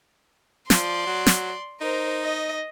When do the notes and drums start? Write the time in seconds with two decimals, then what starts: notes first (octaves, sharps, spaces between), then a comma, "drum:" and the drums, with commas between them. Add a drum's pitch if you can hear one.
0.70 F3 D5 C6, drum: snare
1.07 F#3
1.27 drum: snare
1.81 D#4 A#4 C5
2.24 D#5